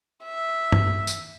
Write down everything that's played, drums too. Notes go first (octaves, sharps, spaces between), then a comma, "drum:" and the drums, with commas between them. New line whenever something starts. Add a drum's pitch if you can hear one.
E5
drum: tom G2
drum: tambourine